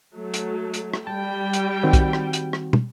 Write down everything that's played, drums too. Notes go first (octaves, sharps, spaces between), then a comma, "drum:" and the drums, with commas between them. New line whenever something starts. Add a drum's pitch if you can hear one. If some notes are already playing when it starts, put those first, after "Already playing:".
F#3 A3
drum: hi-hat
drum: hi-hat
drum: rim click
G3 G5 A5
drum: hi-hat
D#3 C4 F#4
drum: kick, hi-hat
drum: rim click
drum: hi-hat
drum: rim click
drum: tom